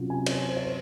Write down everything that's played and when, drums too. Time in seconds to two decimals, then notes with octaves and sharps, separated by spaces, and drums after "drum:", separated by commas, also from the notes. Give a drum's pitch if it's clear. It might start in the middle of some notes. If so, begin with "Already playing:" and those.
Already playing: C3 F#3 C#4 F4
0.10 G#5
0.26 C#5, drum: cymbal
0.49 C5
0.57 C#5
0.64 C5